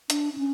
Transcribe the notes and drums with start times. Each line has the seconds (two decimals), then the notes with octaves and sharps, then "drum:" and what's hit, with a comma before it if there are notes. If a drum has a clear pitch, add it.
0.10 D4, drum: hi-hat
0.33 D4
0.38 C#4